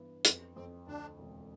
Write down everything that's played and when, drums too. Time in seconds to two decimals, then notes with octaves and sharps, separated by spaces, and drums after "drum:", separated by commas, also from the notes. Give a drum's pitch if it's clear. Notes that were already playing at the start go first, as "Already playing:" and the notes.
Already playing: G2 E3 B3
0.25 F2, drum: hi-hat
0.55 F2 C4
0.87 D2 D4
1.19 E1